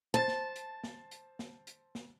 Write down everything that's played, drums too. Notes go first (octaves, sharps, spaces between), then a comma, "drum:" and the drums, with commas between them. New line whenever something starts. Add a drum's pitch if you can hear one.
C5 A5 A6
drum: snare
drum: hi-hat
drum: snare
drum: hi-hat
drum: snare
drum: hi-hat
drum: snare